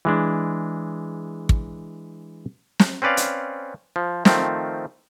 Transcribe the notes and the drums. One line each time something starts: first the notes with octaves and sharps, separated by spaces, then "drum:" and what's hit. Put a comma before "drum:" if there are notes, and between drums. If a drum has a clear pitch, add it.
E3 G#3 D4
drum: kick
drum: snare
C4 C#4 B4 D5 F5
drum: hi-hat
F3
D#3 F3 A3 C4, drum: snare